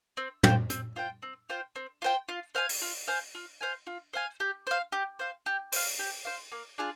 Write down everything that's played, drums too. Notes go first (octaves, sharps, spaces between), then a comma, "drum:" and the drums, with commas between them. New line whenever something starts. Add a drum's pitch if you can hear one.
C4
F4 C5 G5, drum: tom
C4, drum: hi-hat
F4 C5 G5
C4
F4 C5 G5
C4
F4 C5 G5
F4
C5 F5 G#5
drum: open hi-hat
F4
C5 F5 G#5
F4
C5 F5 G#5
F4
C5 F5 G#5
G4
C5 F5
G4
C5 F5
G4
C5 F5, drum: open hi-hat
G4
C5 F5
A#3
D4 F4 G#4